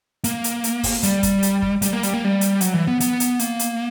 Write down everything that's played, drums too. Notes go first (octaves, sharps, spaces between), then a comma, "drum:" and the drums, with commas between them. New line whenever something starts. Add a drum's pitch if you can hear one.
A#3, drum: hi-hat
drum: hi-hat
drum: hi-hat
drum: kick, open hi-hat
G3, drum: hi-hat
drum: kick, hi-hat
drum: hi-hat
drum: kick
G3, drum: hi-hat
A#3
G3, drum: hi-hat
A#3
G3
drum: hi-hat
F#3, drum: hi-hat
E3
B3
B3, drum: hi-hat
drum: hi-hat
A#3, drum: hi-hat
drum: hi-hat